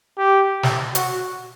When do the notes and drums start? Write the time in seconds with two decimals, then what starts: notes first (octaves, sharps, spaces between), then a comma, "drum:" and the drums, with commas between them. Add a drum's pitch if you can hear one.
0.18 G4
0.63 drum: snare
0.95 F#4, drum: hi-hat